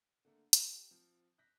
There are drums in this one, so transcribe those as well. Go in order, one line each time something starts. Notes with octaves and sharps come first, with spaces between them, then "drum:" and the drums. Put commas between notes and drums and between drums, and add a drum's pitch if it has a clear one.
D3 A3 A#3
G4, drum: hi-hat
F3 C4
F#6 G6 A#6 B6